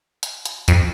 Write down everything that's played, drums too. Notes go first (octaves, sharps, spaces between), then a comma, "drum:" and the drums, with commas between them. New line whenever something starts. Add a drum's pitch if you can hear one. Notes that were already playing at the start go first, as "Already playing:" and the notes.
drum: hi-hat
drum: hi-hat
F2, drum: hi-hat